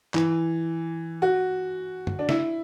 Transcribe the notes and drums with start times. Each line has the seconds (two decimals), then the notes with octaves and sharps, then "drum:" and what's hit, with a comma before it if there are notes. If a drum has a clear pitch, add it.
0.14 E3, drum: clap
1.22 F#4
2.07 drum: tom
2.19 D4
2.29 E4, drum: snare